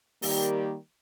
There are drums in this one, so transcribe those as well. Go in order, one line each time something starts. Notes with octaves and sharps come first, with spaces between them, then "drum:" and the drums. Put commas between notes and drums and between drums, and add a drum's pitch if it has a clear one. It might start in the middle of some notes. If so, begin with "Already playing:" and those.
D#3 G3 A#3 G4, drum: open hi-hat